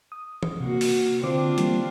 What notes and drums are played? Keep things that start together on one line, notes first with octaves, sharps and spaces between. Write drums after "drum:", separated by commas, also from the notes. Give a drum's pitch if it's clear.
D#6
drum: tom
C3 A#3 F#4
drum: open hi-hat
D3 C4 D4 F4 C5 D6
E3 G3 A#3, drum: hi-hat